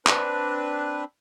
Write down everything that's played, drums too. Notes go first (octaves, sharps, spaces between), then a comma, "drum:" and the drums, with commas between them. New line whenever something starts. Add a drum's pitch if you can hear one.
C4 D4 B4, drum: clap